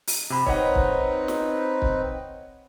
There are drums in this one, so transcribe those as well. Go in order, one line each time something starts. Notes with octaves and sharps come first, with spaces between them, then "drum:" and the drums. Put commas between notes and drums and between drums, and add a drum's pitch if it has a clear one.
drum: open hi-hat
C3 B5
C4 D#4 B4 C#5 D#5 F#5, drum: kick
drum: kick
drum: snare
drum: kick